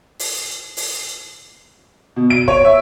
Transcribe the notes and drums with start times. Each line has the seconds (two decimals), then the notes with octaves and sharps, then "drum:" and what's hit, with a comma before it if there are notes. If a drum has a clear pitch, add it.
0.19 drum: open hi-hat
0.77 drum: open hi-hat
2.16 B2
2.30 D7
2.48 C#5, drum: kick
2.65 E5